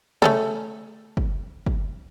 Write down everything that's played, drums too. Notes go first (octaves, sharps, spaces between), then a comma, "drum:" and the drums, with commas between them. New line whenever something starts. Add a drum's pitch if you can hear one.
A3 C#4 A4, drum: tom C3
drum: kick
drum: kick